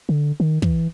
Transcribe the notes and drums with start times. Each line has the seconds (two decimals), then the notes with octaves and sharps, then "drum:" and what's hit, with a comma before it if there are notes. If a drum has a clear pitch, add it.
0.09 D3
0.40 D#3
0.62 E3, drum: kick